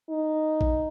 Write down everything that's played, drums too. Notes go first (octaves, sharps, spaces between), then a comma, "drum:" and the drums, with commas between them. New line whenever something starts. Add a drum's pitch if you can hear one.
D#4
drum: kick A1